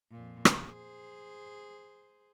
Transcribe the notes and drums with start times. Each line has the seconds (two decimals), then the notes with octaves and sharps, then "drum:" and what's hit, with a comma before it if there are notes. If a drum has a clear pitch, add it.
0.12 F2 A#2
0.45 drum: rim click
0.58 G#4 C5